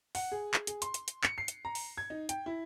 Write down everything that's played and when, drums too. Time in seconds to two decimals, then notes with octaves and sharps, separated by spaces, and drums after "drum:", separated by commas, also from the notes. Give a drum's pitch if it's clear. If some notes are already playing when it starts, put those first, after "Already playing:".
0.15 F#5, drum: open hi-hat
0.32 G#4
0.54 drum: clap
0.67 G#4, drum: hi-hat
0.82 C6, drum: hi-hat
0.94 drum: hi-hat
1.08 drum: hi-hat
1.24 C#7, drum: clap
1.38 C7
1.48 drum: hi-hat
1.65 A#5
1.75 drum: open hi-hat
1.98 G#6
2.10 D#4
2.29 G5, drum: hi-hat
2.46 E4